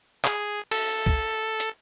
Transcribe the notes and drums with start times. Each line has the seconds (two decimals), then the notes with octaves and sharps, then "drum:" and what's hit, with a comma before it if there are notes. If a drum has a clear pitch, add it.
0.24 G#4, drum: clap
0.71 A4, drum: cymbal
1.06 drum: kick
1.60 drum: hi-hat